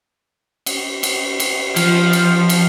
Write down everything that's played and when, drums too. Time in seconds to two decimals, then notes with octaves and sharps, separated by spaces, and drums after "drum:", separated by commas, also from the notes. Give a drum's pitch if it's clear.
0.66 drum: cymbal
1.03 drum: cymbal
1.40 drum: cymbal
1.76 F3, drum: cymbal
2.13 drum: cymbal
2.49 drum: cymbal